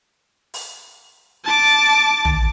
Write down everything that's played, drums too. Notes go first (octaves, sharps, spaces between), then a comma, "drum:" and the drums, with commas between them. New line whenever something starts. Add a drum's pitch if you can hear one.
drum: open hi-hat
A5 D6
drum: tom